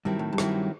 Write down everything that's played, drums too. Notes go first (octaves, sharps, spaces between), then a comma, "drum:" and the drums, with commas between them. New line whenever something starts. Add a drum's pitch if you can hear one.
G2 D#3 F#3 C4 E4
A2
G2
D#3 F#3 C4 E4, drum: rim click